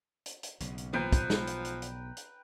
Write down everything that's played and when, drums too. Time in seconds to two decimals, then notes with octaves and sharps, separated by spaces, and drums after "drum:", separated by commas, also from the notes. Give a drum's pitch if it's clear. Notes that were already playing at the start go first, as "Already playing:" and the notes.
0.26 drum: hi-hat
0.43 drum: hi-hat
0.60 B1 C#3, drum: hi-hat
0.78 drum: hi-hat
0.93 F3 B4 G5 A#5, drum: tom
1.12 drum: kick, hi-hat
1.30 drum: snare
1.47 drum: hi-hat
1.65 drum: hi-hat
1.82 drum: hi-hat
2.17 drum: hi-hat